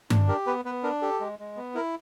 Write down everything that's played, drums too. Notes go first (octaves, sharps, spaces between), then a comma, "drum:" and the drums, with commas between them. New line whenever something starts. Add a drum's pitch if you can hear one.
D4, drum: tom G2
G4 A#4
B3 B4
B3 B4
D4 A#4
G4 A4
G#3
G#3
B3
E4 A#4